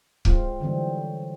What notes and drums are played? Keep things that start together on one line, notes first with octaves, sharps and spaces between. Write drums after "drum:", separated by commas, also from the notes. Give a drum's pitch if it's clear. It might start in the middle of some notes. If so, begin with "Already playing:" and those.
G#3 C4 F4, drum: kick C#1
D3 E3 F#3 G3 C4